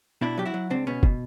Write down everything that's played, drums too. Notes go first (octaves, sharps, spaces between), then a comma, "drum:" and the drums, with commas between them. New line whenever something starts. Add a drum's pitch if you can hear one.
B2 D4 E4
F#3 G4
E4 F#4
F#3
C#2 C4 D4
B2 B3 C#4
B2, drum: kick